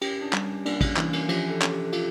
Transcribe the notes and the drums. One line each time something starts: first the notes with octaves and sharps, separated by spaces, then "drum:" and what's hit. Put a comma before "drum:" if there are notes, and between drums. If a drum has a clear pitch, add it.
C#4 G4, drum: cymbal
D4
G3, drum: clap
C#4
A#3 D4, drum: cymbal
C#4, drum: kick, cymbal
E3 A#3, drum: clap
C#4, drum: cymbal
F3 G4, drum: cymbal
A4
C#4, drum: clap
G4
A4
F4 G4, drum: cymbal